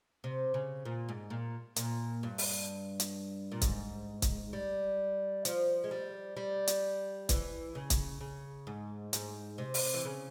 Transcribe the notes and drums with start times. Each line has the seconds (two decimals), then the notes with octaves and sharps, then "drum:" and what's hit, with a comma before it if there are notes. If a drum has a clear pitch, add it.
0.24 C3
0.54 C#3
0.85 A#2
1.09 G#2
1.30 A#2
1.76 A#2, drum: hi-hat
2.23 G2
2.38 drum: open hi-hat
3.00 drum: hi-hat
3.52 A#2
3.61 G#2, drum: kick, hi-hat
4.22 drum: kick, hi-hat
4.53 G3
5.45 F3, drum: hi-hat
5.84 G#3
5.91 G3
6.37 G3
6.67 drum: hi-hat
7.29 E3, drum: kick, hi-hat
7.75 C#3
7.90 drum: kick, hi-hat
8.21 C#3
8.67 G#2
9.13 G#2, drum: hi-hat
9.58 C3
9.74 drum: open hi-hat
9.94 E3
10.05 C#3